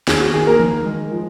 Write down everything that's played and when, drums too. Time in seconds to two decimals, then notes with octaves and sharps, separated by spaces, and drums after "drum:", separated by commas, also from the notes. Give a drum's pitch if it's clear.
0.08 D#2 G#4, drum: snare
0.20 F#4
0.34 D#3 G#4
0.47 A#3 A#4
0.60 D#3, drum: tom E3
0.86 G#3
1.12 F3